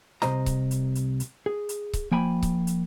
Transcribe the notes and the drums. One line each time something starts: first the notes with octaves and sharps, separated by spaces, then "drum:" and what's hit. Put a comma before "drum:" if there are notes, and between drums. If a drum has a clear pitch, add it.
C2 C3 F3 C5 D#5 A#5, drum: snare
drum: kick C#1, hi-hat
drum: hi-hat
drum: hi-hat
drum: hi-hat
G#4
drum: hi-hat
drum: kick C#1, hi-hat
F3 A#3 G5 G#5 B5
drum: kick C#1, hi-hat
drum: hi-hat